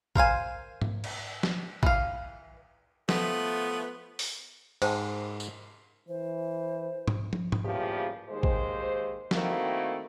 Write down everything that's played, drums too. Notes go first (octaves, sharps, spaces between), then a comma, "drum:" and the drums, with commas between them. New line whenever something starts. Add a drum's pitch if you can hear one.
A#4 C5 F5 G#5, drum: kick G#1
drum: tom G#2
drum: cymbal
drum: snare
E3 F5, drum: kick G#1
F3 A3 B3, drum: snare
drum: open hi-hat
G#2 C5 G5 A5, drum: cymbal
drum: tambourine
E3 C5
drum: tom G#2
drum: tom
drum: tom G#2
E2 C#3 F3 G3 A#3 G4
D#2 G#3 C5
drum: kick G#1
D#3 A3 A#3 C4 E4 F#4, drum: snare